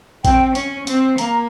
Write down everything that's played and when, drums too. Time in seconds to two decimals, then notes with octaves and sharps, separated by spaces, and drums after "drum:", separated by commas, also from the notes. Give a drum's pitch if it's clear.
0.25 C4 G5, drum: kick A1, hi-hat
0.55 C#4, drum: hi-hat
0.87 C4, drum: hi-hat
1.18 A#3 A#5, drum: hi-hat